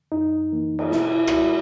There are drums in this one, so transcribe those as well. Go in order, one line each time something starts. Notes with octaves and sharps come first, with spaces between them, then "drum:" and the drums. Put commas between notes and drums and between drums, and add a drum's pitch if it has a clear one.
F#2 D#4
E3 A#3
drum: cymbal
B2 E4, drum: snare
E4
F#4, drum: rim click
G#3 E4